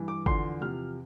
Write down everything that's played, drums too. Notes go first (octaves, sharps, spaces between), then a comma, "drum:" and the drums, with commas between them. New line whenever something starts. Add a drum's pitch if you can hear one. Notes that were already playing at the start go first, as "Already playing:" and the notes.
Already playing: G2 E3
D6
E2 D3 F3 C6, drum: kick G1
E2 C3 F3 F6